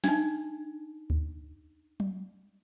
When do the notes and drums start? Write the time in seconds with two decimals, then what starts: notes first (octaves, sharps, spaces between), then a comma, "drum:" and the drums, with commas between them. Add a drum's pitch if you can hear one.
0.04 D4 D#4, drum: snare
1.10 drum: kick D2
2.00 drum: tom F#3